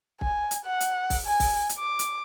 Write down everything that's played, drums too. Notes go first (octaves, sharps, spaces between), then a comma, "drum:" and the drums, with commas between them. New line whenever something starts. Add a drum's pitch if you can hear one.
G#5, drum: kick
drum: hi-hat
F#5
drum: hi-hat
drum: kick, open hi-hat
G#5
drum: kick, open hi-hat
drum: hi-hat
D6
drum: hi-hat